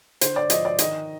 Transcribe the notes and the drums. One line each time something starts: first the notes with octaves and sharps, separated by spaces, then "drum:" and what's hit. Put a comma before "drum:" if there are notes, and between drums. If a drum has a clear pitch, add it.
D3 C5, drum: hi-hat
D5
F3 D#5, drum: hi-hat
D5
D#3 D#5, drum: hi-hat